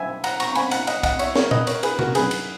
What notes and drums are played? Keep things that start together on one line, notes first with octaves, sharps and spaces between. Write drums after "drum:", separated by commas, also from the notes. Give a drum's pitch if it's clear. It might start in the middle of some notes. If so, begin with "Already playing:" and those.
Already playing: F#2 E5 G#5
F#5 A#5, drum: cymbal
A#5 C#6, drum: cymbal
C#6
G#5 B5, drum: cymbal
F#5 A#5, drum: cymbal
D#5 F#5, drum: cymbal
D#5 F#5, drum: kick, cymbal
C#5 E5, drum: cymbal
A#4 C#5, drum: snare
B4 D#5, drum: tom A#2
A#4 C#5, drum: cymbal
G#4 B4, drum: cymbal
F#4 A#4, drum: tom C3
F#2 D#3 G#4 B4, drum: cymbal
drum: cymbal